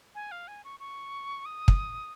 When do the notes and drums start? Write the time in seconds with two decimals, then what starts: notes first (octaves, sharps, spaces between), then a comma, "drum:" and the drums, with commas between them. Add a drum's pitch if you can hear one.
0.15 G#5
0.31 F5
0.48 G#5
0.64 C#6
0.80 C#6
1.45 D#6
1.68 drum: kick